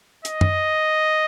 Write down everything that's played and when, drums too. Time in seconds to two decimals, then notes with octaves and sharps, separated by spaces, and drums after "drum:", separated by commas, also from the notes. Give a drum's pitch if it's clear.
0.25 D#5, drum: hi-hat
0.41 drum: tom